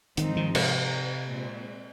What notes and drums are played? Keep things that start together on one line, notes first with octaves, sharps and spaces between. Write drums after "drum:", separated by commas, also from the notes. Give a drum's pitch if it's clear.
G#2 D#3 F3 G#3 C4 D#4, drum: hi-hat
D#3
C3, drum: cymbal
A#2 G#3 C4